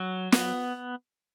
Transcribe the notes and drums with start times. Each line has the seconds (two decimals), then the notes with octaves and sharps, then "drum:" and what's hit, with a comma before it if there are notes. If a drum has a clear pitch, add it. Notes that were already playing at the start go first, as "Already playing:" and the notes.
Already playing: F#3
0.32 B3, drum: snare